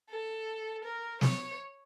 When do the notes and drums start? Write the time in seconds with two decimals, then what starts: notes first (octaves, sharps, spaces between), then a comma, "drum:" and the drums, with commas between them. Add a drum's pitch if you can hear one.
0.10 A4
0.84 A#4
1.21 C#5, drum: snare